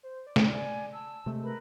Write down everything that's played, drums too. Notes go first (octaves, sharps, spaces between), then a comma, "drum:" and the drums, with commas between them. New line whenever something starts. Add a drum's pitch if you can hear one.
C5
D5
drum: snare
G#5
A5 E6
C3 G#3 A3
A#4 B4 B5